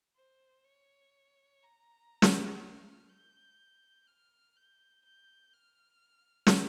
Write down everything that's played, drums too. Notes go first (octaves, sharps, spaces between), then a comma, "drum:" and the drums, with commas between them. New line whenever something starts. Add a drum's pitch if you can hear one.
C5
C#5
A#5
drum: snare
F6
G6
F6
G6
G6
F6
drum: snare